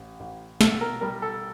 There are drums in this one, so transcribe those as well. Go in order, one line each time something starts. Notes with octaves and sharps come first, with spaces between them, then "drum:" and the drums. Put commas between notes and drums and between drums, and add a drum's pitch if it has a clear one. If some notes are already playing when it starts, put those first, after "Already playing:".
Already playing: A1
A1
B2 A4, drum: snare
A#4
G3 A#4
A4